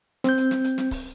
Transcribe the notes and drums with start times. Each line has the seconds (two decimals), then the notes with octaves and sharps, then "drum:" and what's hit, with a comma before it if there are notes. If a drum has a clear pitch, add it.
0.24 C4 G6, drum: snare
0.38 drum: hi-hat
0.51 drum: snare
0.64 drum: hi-hat
0.78 drum: snare
0.91 drum: kick C#1, open hi-hat